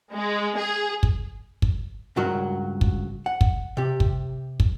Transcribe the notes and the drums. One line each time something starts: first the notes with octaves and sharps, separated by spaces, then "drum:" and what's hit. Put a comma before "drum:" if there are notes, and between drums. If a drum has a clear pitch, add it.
G#3
G#4
drum: kick
drum: kick
C#2 G2 F#3 F#4 A#4
drum: kick
F#5
drum: kick
C3 G4
drum: kick
drum: kick